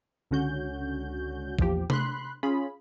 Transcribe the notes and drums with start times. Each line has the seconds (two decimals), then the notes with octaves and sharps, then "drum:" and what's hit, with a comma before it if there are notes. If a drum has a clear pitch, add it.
0.31 C#2 D3 C#4 F#4 G6
1.59 A#1 E2 F3 G4, drum: kick
1.90 B5 C6 F#6, drum: tom C3
2.43 C#4 F4 G#4 B5